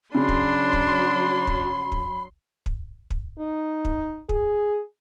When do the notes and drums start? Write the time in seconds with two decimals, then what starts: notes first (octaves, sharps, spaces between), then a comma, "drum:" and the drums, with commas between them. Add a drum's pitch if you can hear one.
0.15 C#3 F#3 D4 B5 C6
0.29 drum: kick
0.73 drum: kick
1.47 drum: kick
1.92 drum: kick
2.66 drum: kick
3.10 drum: kick
3.39 D#4
3.85 drum: kick
4.29 G#4, drum: kick